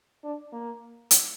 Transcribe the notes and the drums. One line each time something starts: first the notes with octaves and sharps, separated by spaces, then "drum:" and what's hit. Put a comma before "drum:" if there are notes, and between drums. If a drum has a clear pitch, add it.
D4
A#3
drum: hi-hat